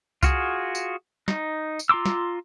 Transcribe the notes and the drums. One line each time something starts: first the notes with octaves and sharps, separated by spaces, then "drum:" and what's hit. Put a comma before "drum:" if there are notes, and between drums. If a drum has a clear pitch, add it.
F4 F#4 G#4, drum: kick C2, tambourine
drum: tambourine
D#4, drum: snare
drum: tambourine
F4 A#5 C6 D6 E6
drum: snare